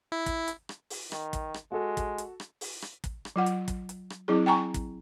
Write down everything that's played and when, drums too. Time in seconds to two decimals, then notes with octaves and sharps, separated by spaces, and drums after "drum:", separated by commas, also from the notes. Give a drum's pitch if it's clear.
0.12 E4
0.26 drum: kick, hi-hat
0.48 drum: hi-hat
0.69 drum: rim click
0.90 drum: open hi-hat
1.12 D#3, drum: rim click
1.33 drum: kick, hi-hat
1.54 drum: rim click
1.72 G#3 F#4 A4
1.97 drum: kick, hi-hat
2.18 drum: hi-hat
2.40 drum: rim click
2.61 drum: open hi-hat
2.82 drum: rim click
3.04 drum: kick, hi-hat
3.25 drum: rim click
3.36 F#3 F4 F#5
3.46 drum: hi-hat
3.68 drum: kick, hi-hat
3.89 drum: hi-hat
4.10 drum: rim click
4.28 F#3 C4 E4 G#4
4.46 G5 G#5 A#5 C#6
4.74 drum: kick, hi-hat